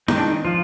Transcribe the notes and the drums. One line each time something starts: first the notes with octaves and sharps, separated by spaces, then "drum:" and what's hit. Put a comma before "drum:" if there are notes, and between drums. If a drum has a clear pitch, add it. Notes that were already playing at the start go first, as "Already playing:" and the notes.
D#3 G#3 C4 D#4, drum: snare E4
D4
D#4
F3 F4